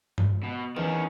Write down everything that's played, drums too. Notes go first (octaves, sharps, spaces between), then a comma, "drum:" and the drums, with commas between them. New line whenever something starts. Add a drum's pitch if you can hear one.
drum: tom G2
B2
E2 D#3 C#4